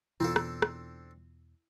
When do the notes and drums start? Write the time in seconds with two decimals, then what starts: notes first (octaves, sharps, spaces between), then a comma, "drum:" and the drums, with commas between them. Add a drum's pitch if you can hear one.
0.20 E2 B2 E3 C4 D4 E4 F4 A4
0.36 drum: rim click
0.62 drum: rim click